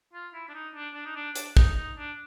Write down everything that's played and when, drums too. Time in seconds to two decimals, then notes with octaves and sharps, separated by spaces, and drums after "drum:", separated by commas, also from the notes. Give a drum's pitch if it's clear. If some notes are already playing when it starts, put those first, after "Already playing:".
0.13 F4
0.34 E4
0.49 D4
0.54 D#4
0.75 D4
0.94 D4
1.06 D#4
1.16 D4
1.36 D4, drum: hi-hat
1.57 D#4, drum: kick
1.77 D#4
1.97 D4